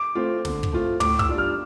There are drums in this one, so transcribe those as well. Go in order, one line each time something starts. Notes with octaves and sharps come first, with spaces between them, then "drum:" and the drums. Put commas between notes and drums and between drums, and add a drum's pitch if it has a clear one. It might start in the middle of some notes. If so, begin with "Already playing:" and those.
Already playing: D6
A3 C4 F4
D3, drum: snare
drum: kick
A3 C4 F4
A2 D6, drum: tom
E6, drum: kick
G3 D4 F4
F6